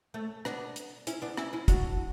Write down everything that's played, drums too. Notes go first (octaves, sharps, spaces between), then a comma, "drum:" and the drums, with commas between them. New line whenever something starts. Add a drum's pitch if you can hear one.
A3 C#4
B3 D4, drum: rim click
drum: hi-hat
C#4 E4, drum: hi-hat
B3 D4
C#4 E4, drum: rim click
C#4 E4
D4 F#4, drum: kick, hi-hat